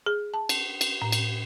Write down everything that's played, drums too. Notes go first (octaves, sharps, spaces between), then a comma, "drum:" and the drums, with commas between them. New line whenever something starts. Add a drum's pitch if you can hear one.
G#4
A5
drum: cymbal
drum: cymbal
A2
drum: cymbal